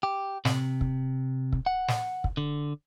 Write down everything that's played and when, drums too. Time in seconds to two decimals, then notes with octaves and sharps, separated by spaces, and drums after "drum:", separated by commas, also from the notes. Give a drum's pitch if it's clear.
0.03 G4
0.45 C3, drum: snare
0.81 drum: kick
1.53 drum: kick
1.66 F#5
1.88 drum: snare
2.24 drum: kick
2.37 D3